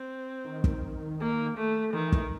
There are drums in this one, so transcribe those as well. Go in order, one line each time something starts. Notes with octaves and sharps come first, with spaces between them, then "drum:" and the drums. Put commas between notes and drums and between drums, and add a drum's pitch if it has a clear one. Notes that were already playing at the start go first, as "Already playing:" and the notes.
Already playing: C4
D#3
drum: kick
A#3
A3
D#3 E3
drum: kick